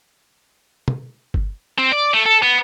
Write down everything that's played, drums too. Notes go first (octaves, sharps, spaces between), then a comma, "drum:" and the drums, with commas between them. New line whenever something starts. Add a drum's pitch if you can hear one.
drum: tom
drum: kick G1
C4
D5
A3
A4
B3